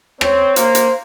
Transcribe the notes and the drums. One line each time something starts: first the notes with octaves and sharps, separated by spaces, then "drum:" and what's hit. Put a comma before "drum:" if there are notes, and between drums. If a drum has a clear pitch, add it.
C4 C#5, drum: rim click
A#3 C5, drum: hi-hat
drum: hi-hat